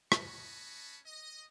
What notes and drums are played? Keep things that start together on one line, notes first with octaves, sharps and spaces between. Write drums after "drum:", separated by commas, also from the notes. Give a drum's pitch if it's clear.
C#4 F#4 D#5 A5 B5 C#6, drum: rim click
D#5